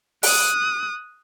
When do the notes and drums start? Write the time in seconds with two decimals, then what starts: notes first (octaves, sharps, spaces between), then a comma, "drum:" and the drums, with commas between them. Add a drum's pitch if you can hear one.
0.23 D#6 F#6, drum: open hi-hat